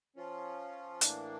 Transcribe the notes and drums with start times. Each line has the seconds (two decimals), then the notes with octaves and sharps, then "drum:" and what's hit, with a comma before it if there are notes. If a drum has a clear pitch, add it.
0.16 F3 C#4 F4
1.01 A2 E3 A#3 D4, drum: hi-hat